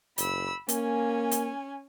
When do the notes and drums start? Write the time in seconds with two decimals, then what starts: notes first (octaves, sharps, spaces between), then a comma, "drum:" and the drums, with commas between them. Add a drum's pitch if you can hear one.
0.18 F#1 B5 E6, drum: hi-hat
0.69 A#3 C#4 G#5, drum: hi-hat
1.31 drum: hi-hat